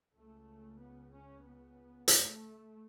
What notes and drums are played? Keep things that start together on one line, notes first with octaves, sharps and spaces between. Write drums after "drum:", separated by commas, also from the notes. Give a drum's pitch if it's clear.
C#2 C#3 A3
B3
C#4
B3
A3, drum: hi-hat